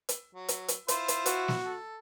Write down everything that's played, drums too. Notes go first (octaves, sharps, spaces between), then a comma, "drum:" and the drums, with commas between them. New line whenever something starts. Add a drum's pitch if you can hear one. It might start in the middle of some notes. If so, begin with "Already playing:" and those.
drum: hi-hat
F#3
drum: hi-hat
drum: hi-hat
E4 F4 C5, drum: hi-hat
drum: hi-hat
F#4, drum: hi-hat
drum: snare
A4